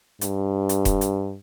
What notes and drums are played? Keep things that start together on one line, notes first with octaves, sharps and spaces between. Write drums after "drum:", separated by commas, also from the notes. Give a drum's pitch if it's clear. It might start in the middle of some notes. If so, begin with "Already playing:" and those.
G2, drum: hi-hat
drum: hi-hat
drum: kick E1, hi-hat
drum: hi-hat